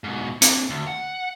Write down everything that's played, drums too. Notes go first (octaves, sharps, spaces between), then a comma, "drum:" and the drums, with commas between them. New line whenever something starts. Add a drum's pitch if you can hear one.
G#2 B2
C4 D4, drum: hi-hat
D2
F#5